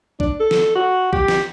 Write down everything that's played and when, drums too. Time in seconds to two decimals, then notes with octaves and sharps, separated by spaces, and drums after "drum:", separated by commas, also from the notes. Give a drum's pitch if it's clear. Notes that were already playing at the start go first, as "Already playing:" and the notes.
0.20 D4, drum: kick A#1
0.40 A4
0.51 drum: snare
0.76 F#4
1.13 G4, drum: kick A#1
1.28 drum: snare